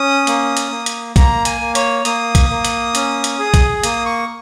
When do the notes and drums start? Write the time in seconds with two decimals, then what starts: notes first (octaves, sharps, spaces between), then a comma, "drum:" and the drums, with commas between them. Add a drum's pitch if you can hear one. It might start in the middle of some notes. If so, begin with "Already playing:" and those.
Already playing: C#4 D#6
0.27 A#3, drum: hi-hat
0.57 drum: hi-hat
0.71 A#3
0.86 drum: hi-hat
1.16 A#3 A#5, drum: kick B1, hi-hat
1.45 G#5, drum: hi-hat
1.61 A#3
1.75 C#5, drum: hi-hat
2.05 A#3 D#6, drum: hi-hat
2.35 drum: kick B1, hi-hat
2.49 A#3
2.65 drum: hi-hat
2.95 C#4, drum: hi-hat
3.24 drum: hi-hat
3.39 G#4
3.54 drum: kick B1, hi-hat
3.84 A#3 D#6, drum: hi-hat
4.06 C#6